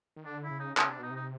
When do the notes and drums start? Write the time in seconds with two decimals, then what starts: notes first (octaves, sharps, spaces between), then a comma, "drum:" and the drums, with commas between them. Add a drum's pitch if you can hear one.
0.16 D#3
0.25 D3 D4
0.43 E4
0.51 C#3
0.60 D#4
0.77 C#3 C#4, drum: clap
0.88 C3 D4
0.99 B2 D#4
1.10 C3
1.16 D#4